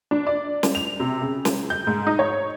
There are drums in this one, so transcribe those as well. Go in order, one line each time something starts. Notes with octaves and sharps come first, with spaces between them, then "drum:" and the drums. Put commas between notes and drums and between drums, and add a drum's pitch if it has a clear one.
D4
D5
drum: snare
F7
C3
C#3
drum: snare
G6
G#2
D#4
C#5